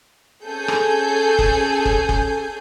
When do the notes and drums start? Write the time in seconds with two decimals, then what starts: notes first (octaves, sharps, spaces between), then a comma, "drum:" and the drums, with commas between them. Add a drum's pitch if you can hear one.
0.45 C#4 G#4 A4 G#5 G6
0.68 drum: rim click
1.39 drum: kick F#1
1.85 drum: kick F#1
2.09 drum: kick F#1